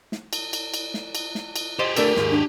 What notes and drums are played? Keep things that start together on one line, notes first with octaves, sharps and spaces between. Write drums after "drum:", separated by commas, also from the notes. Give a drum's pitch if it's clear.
drum: snare
drum: cymbal
drum: cymbal
drum: cymbal
drum: snare
drum: cymbal
drum: snare
drum: cymbal
G4 G#4 C5 D#5
A3 D4 A4 A#4, drum: cymbal
D#2 G#2, drum: snare
D4